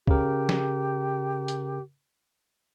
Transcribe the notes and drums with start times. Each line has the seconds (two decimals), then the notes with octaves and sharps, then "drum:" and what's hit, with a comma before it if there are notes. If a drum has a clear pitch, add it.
0.07 C#3 G4 A#4, drum: kick
0.49 drum: snare
1.48 drum: hi-hat